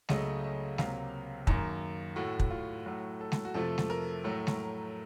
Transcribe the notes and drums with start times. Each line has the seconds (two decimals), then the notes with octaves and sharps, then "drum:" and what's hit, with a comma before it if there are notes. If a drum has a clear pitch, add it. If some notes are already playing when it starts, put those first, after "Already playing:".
0.09 C#2 C#3 F#3 A3 D#5, drum: snare G#3
0.43 D#5
0.78 C#2 C3 F#3 A#3 F5, drum: snare G#3
1.47 F#2 D#3 A#3, drum: kick
2.16 A2 A3 F#4
2.40 drum: kick
2.51 F4
2.85 A2 F#3 A3 F#4
3.21 A4
3.32 drum: snare G#3
3.45 F#4
3.54 F2 C3 F3 A3 A4
3.78 drum: snare G#3
3.90 A#4
4.24 A2 F#3 A3
4.47 drum: snare G#3